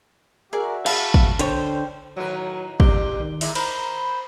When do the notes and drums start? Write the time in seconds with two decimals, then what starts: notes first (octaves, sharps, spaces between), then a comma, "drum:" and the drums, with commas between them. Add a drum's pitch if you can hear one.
0.53 F#4 G#4 A#4 D5 E5
0.86 G#4 F5 A5 B5, drum: cymbal
1.14 drum: kick
1.39 D3 C5 C#5 G5, drum: hi-hat
2.17 A2 D#3 F#3 B4
2.80 E2 G2 C4 G4, drum: kick
3.20 D#3
3.41 A#2 G#3 A#3 E4, drum: open hi-hat
3.55 A#4 C5 B5, drum: cymbal